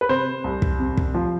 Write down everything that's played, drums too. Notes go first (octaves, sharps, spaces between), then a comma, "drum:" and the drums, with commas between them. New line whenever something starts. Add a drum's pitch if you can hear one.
B4
C3 C5
C2
drum: kick
C3
drum: kick
F3